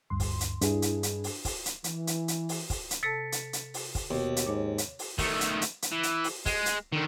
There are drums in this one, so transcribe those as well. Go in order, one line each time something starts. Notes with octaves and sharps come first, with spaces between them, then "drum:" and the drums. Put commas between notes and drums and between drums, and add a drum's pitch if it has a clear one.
D2 G2 C6
drum: kick, open hi-hat
drum: hi-hat
G2 D4 E4 G#4, drum: hi-hat
drum: hi-hat
drum: hi-hat
drum: open hi-hat
drum: kick, open hi-hat
drum: hi-hat
E3, drum: hi-hat
drum: hi-hat
drum: hi-hat
drum: open hi-hat
drum: kick, open hi-hat
drum: hi-hat
C3 A4 A5 A6 B6 C#7
drum: hi-hat
drum: hi-hat
drum: open hi-hat
drum: kick, open hi-hat
D#2 B2
drum: hi-hat
G#2 C#5 D6
drum: hi-hat
drum: open hi-hat
D#3 A3, drum: kick, open hi-hat
drum: hi-hat
drum: hi-hat
drum: hi-hat
E3
drum: hi-hat
drum: open hi-hat
G#3, drum: kick, open hi-hat
drum: hi-hat
D3 D#3